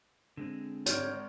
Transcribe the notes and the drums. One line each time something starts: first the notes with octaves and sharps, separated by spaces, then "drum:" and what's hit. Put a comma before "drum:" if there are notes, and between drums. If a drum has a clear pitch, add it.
D3 G#3 C4
G#1 C#5 F6 G6 D7, drum: hi-hat